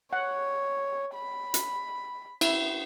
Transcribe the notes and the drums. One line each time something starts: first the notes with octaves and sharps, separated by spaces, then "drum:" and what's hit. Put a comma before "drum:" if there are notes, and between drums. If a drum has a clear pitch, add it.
C#5 F#5
B5
drum: hi-hat
E4, drum: cymbal